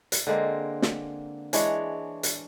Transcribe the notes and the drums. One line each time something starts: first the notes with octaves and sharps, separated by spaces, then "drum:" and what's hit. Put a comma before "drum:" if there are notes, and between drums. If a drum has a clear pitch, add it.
drum: hi-hat
D3 G#3 A#3 C4
drum: snare
E3 G#3 D4 C#5, drum: hi-hat
drum: hi-hat